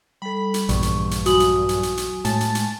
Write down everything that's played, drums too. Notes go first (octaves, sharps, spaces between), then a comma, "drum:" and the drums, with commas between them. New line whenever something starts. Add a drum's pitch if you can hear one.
G3 A4 B5
drum: hi-hat
A#1 E2 G2 C#6, drum: hi-hat
drum: hi-hat
drum: hi-hat
F#3 F#4 G#5 D#6 F#7, drum: hi-hat
drum: hi-hat
drum: hi-hat
drum: hi-hat
drum: hi-hat
A2 G#3 G#5 A5, drum: hi-hat
drum: hi-hat
drum: hi-hat